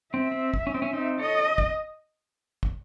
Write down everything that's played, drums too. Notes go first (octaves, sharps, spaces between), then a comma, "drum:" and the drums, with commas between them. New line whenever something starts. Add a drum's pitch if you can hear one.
C4 E5
C4
drum: kick
C#4
C4
C#4
C4 D#4
A4 C#5 D#5
drum: kick
drum: kick